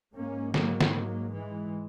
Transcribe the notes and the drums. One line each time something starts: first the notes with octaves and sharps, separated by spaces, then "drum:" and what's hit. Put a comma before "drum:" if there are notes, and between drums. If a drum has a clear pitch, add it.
G#2 A#3 C#4
F#3 A#3, drum: snare
drum: snare
F#3 A#3
E3 G#3